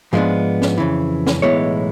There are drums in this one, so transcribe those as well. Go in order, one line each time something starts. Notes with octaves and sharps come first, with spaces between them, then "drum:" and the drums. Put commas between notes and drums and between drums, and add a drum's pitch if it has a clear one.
G#2 F3 G#3 B3 D4
drum: snare
F2 C#3 E3
drum: snare
B1 A2 E3 G#3 B3 C#5